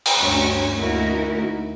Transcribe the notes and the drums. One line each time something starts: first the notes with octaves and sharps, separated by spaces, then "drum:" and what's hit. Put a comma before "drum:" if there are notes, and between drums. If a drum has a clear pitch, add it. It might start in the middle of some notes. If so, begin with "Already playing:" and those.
drum: open hi-hat
D2 G2 C#4 F#4 C#5
D2 A#3 D#4 E4 F#4 A#4